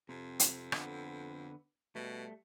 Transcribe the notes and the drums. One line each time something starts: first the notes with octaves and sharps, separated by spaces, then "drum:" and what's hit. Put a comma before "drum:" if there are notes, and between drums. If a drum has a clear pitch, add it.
F2 C3
drum: hi-hat
D3 B3, drum: rim click
B2 G3 A3